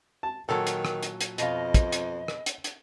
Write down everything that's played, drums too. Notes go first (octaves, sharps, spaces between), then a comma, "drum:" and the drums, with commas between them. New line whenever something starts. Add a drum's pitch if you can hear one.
A5
A#2 D#3 F#3 A4
drum: hi-hat
drum: rim click
drum: hi-hat
drum: hi-hat
F2 B2 D#5 F5, drum: hi-hat
drum: kick, hi-hat
drum: hi-hat
drum: rim click
drum: hi-hat
drum: hi-hat